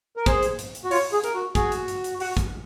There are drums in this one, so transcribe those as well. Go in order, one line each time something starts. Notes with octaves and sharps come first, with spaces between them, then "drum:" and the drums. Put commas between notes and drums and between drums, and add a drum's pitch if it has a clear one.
A#4
G#4 C5, drum: kick, hi-hat
drum: hi-hat
drum: hi-hat
drum: hi-hat
F#4
F4 C#5, drum: open hi-hat
G#4
A#4, drum: hi-hat
F#4
F#4 G#4, drum: kick, hi-hat
drum: hi-hat
drum: hi-hat
drum: hi-hat
F#4, drum: open hi-hat
drum: kick, hi-hat